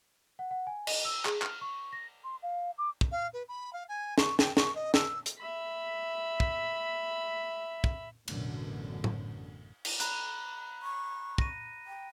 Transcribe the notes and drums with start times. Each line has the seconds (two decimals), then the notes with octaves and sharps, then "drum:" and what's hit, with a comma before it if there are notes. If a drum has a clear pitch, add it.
0.39 F#5
0.51 F#5
0.67 G#5
0.87 D#5, drum: cymbal
1.05 E6
1.25 G#4, drum: clap
1.42 F6, drum: clap
1.61 C#6
1.93 A#6
2.24 C6
2.42 F5
2.78 D6
3.01 drum: kick
3.11 F5
3.33 B4
3.48 B5
3.73 F5
3.88 G#5
4.18 C#6, drum: snare
4.39 G5, drum: snare
4.57 C#6, drum: snare
4.75 D#5
4.94 E6, drum: snare
5.26 drum: hi-hat
5.39 E5 B5
6.40 drum: kick
7.84 drum: kick
8.28 A1 F#2 B2 D3, drum: cymbal
9.04 drum: tom A2
9.85 drum: cymbal
10.00 A#5 B5 F#6, drum: hi-hat
10.82 C#6
11.38 A#6 D#7, drum: kick
11.87 G5